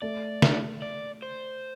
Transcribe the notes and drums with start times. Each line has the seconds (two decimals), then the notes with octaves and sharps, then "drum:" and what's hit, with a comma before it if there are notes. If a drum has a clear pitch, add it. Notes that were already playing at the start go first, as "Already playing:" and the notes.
0.02 A3 D5
0.42 drum: snare
0.82 D5
1.22 C5